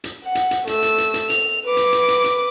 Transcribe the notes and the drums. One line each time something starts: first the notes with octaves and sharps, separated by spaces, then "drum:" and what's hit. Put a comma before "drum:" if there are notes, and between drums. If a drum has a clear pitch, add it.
drum: hi-hat
F#5
drum: hi-hat
drum: hi-hat
A3 E6, drum: hi-hat
drum: hi-hat
drum: hi-hat
drum: hi-hat
F7, drum: hi-hat
B4 D6
drum: hi-hat
drum: hi-hat
drum: hi-hat
drum: hi-hat